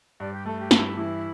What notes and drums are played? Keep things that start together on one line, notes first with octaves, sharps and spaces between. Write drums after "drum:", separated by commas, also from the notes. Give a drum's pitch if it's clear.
G2 D5
G4
A3 A4
G4
G2 E4, drum: snare
E3